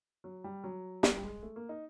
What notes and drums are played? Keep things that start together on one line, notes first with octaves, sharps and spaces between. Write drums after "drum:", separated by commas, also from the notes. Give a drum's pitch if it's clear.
F#3
G3
F#3
G3, drum: snare
G3
G#3
A3
A#3
D#4